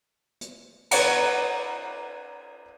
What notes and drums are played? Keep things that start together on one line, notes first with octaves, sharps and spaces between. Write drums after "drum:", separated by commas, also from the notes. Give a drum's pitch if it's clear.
drum: hi-hat
B4 C#5 D5 F#5 A#5, drum: cymbal